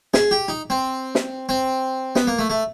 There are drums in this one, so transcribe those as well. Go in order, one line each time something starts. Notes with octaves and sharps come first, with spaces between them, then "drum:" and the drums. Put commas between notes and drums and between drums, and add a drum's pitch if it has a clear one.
G#4, drum: snare
G4
D#4
C4
drum: snare
C4
B3, drum: snare
A#3
A3
A3